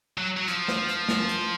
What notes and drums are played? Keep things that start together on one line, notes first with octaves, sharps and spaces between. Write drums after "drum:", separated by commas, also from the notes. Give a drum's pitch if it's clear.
F#3
F#3
F3, drum: hi-hat
drum: snare
drum: hi-hat
drum: snare
drum: hi-hat